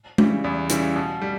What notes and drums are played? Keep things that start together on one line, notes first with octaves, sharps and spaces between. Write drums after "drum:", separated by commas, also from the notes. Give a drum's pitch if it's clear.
C#3 E3 G3, drum: tom G#3
E2
C#3 E3 G3, drum: hi-hat
B2
G3